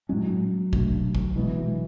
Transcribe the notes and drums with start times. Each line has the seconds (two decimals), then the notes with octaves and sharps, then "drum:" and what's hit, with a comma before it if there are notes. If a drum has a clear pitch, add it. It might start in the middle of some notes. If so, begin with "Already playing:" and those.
0.09 A2 F#3 G#3 C#4
0.73 B2 A3 D4, drum: kick
1.15 drum: kick
1.35 B2 E3 G#3 B3
1.57 F#3